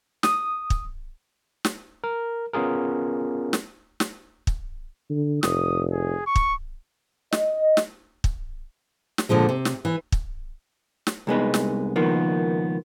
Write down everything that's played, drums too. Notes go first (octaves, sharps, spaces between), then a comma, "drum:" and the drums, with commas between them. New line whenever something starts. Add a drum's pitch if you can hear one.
D#6, drum: snare
drum: kick
drum: snare
A#4
B3 C#4 F4 G#4 A#4
drum: snare
drum: snare
drum: kick
D3
F1 D#6, drum: snare
G#4
C#6
drum: kick
D#5, drum: snare
drum: snare
drum: kick
drum: snare
A#2 D3 F3 G#3
C3
drum: snare
E3
drum: kick
drum: snare
C2 G#3 B3 D#4
drum: snare
C#2 D#3 F3 A#3 B3